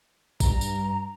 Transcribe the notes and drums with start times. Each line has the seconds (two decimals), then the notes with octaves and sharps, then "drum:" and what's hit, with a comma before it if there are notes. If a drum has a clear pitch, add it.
0.40 G2 A#5, drum: kick A1, tambourine
0.61 drum: tambourine